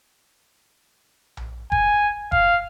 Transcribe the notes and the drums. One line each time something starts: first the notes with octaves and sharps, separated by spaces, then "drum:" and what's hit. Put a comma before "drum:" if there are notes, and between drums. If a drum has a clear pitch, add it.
drum: tom A#1
G#5, drum: kick F1
F5, drum: kick F1